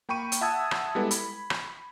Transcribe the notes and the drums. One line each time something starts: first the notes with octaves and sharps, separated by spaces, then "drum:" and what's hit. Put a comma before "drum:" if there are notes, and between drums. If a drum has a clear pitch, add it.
A#3 G5 B5 C#6 D#7
drum: hi-hat
E5 F#5 A5 D#6 E6 G#6
drum: rim click
G3 G#3 B3 E4 A4 B4
B5, drum: hi-hat
drum: rim click